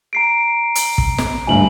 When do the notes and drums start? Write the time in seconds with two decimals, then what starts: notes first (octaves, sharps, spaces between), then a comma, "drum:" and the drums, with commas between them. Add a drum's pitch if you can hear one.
0.13 A#5 C7 D7
0.75 drum: hi-hat
0.98 drum: kick
1.18 drum: snare
1.47 G#1 D2 G2 G#5 F#7